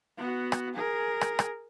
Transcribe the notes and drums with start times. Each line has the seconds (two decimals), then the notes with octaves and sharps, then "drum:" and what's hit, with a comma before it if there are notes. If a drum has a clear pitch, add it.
0.17 B3 F#4
0.52 drum: rim click
0.74 G#4 A#4
1.21 drum: rim click
1.39 drum: rim click